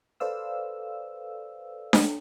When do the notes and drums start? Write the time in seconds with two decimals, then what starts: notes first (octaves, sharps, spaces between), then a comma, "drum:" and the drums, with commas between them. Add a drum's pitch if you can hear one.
0.20 A4 B4 C5 D5 F5 E6
1.93 drum: snare D4